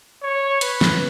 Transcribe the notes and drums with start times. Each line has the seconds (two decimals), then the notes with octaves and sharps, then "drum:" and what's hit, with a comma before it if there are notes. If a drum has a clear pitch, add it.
0.22 C#5
0.61 B4, drum: hi-hat
0.81 drum: snare